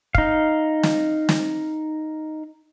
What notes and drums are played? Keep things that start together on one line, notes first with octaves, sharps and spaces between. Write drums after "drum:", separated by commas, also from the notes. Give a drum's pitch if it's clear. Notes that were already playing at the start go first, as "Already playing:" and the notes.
D#4 F5, drum: kick
drum: snare
drum: snare